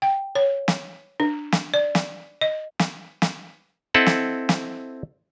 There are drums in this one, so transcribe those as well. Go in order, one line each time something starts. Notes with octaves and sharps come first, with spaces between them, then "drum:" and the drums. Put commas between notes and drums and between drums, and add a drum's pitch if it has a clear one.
G5
C#5
drum: snare
D4
drum: snare
D5
drum: snare
D#5
drum: snare
drum: snare
C4 E4 A4 D#5 F#5
drum: snare
drum: snare